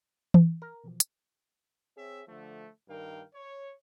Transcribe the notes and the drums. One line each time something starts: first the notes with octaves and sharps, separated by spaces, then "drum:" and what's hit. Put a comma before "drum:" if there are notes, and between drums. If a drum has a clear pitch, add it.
drum: tom E3
A#4
B2 E3 F3
drum: hi-hat
C4 G#4 C#5 E5
D3 F3 A3
G2 D#3 A#4 F5 G5
C#5